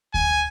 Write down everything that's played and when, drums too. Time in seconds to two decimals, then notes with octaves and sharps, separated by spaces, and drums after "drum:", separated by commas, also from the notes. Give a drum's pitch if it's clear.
0.14 G#5, drum: kick D2